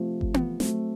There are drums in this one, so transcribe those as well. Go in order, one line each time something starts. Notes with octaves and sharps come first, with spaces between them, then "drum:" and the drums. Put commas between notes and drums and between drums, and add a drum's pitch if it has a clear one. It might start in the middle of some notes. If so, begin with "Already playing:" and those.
Already playing: C3 F3 A3 C4
drum: kick G1
drum: tom B3
F#3 A3 C4, drum: snare